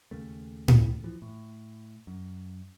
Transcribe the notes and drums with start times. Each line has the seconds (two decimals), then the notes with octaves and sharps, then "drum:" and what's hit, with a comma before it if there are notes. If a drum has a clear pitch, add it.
0.11 D#2 C#3 A3
0.68 drum: tom A2
1.04 E3 F3
1.22 A2
2.07 F#2